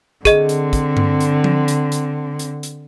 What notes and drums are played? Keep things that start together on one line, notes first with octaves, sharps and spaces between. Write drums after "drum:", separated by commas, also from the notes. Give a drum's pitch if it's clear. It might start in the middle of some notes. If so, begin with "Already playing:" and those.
D3 C4 G#4 D#5, drum: kick, hi-hat
drum: hi-hat
drum: kick, hi-hat
drum: tom G2
drum: hi-hat
drum: tom F3
drum: hi-hat
drum: hi-hat
drum: hi-hat
drum: hi-hat